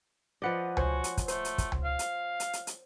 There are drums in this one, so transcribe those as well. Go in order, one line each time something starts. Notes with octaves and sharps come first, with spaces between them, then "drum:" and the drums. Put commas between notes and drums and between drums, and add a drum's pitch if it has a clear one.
F3 B4 D5 D#5 F#5
F#4 C5 C#5 G#5, drum: tom C#2
drum: hi-hat
drum: kick, hi-hat
A3 C5, drum: hi-hat
drum: hi-hat
drum: kick, hi-hat
drum: tom C#2
F5
drum: hi-hat
drum: hi-hat
drum: hi-hat
drum: hi-hat